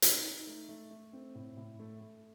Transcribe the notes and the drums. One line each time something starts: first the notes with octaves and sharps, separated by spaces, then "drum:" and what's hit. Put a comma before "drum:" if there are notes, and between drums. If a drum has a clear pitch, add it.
D#4, drum: hi-hat
D#4
A3
A3
A3
C4
A2
A2
A3
A3